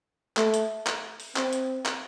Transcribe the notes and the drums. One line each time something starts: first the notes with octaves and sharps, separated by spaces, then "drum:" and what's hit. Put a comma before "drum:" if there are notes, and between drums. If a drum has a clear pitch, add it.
A3, drum: clap
drum: hi-hat
drum: clap
drum: open hi-hat
C4, drum: clap
drum: hi-hat
drum: clap